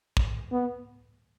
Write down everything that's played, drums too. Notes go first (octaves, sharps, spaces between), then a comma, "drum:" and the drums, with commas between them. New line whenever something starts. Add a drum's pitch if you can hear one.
drum: kick
B3